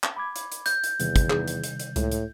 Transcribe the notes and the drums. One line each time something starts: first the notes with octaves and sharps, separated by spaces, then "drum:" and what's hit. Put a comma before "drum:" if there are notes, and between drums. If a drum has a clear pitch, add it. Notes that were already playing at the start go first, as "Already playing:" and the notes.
drum: clap
B5 D6 G#6
drum: hi-hat
drum: hi-hat
G6, drum: hi-hat
drum: hi-hat
E2 C3 D#3 G3, drum: hi-hat
drum: kick, hi-hat
D#4 G#4, drum: clap
drum: hi-hat
drum: hi-hat
drum: hi-hat
C#2 A2, drum: hi-hat
drum: hi-hat